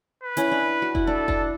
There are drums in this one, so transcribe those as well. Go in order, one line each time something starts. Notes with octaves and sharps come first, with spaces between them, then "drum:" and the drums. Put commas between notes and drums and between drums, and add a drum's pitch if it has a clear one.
B4
C#4 E4, drum: hi-hat
D4
F#4
E4, drum: kick F1
D4 A4
D4, drum: kick F1